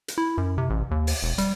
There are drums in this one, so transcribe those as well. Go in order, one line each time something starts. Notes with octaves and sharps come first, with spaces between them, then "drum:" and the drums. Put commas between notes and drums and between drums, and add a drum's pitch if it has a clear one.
drum: hi-hat
E4
F#2
C3
A1
D#2
drum: open hi-hat
E1
G3, drum: hi-hat